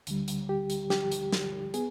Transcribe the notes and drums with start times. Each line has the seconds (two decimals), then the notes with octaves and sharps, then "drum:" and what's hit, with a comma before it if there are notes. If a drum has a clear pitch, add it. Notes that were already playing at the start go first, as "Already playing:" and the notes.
0.07 D2 D3 G3, drum: hi-hat
0.28 drum: hi-hat
0.49 G4
0.70 drum: hi-hat
0.90 G4, drum: snare
1.12 drum: hi-hat
1.32 drum: snare
1.74 B3 G#4, drum: hi-hat